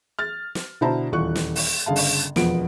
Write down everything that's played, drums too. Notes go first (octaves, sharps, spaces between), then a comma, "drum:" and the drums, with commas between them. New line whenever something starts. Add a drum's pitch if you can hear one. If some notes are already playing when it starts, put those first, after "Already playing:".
F6 A6
drum: snare
B2 D3 E4 C5 A5 A#5
D#1 E2 F4 C#6 F#6
drum: snare
drum: open hi-hat
G1 C#3 G#4 F5 A5
drum: open hi-hat
E1 F2 F3 B3 B4 D7, drum: snare